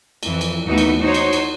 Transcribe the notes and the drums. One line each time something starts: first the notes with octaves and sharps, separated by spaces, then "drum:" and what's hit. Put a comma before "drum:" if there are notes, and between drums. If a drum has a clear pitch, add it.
F2 E3, drum: cymbal
drum: cymbal
D#2 E3 A3 B3 D#4 F#4
drum: cymbal
D#4 F#4 C5 C#5
drum: cymbal
drum: cymbal